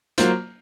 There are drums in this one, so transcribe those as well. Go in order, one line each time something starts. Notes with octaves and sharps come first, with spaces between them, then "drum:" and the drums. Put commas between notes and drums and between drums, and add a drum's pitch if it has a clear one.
F#3 A#3 F4 C5, drum: hi-hat